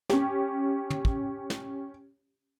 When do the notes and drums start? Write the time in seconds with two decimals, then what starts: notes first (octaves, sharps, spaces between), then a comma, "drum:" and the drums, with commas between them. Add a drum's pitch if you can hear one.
0.09 C#4 G4, drum: snare
0.90 drum: tom
1.05 drum: kick
1.50 drum: snare